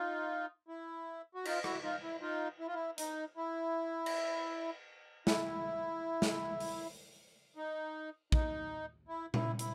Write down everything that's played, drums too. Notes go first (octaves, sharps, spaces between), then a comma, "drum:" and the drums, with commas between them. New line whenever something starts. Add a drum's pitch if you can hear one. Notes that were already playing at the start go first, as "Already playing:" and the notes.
Already playing: D#4 F4
E4
F#4
D#4 F4, drum: cymbal
E4 F#4, drum: rim click
D#4 F4
E4
D#4 F4
E4
F4
E4
D#4, drum: hi-hat
E4
drum: cymbal
E4, drum: snare
drum: snare
drum: open hi-hat
D#4
D#4, drum: kick
E4
E4, drum: tom A#2
E4, drum: hi-hat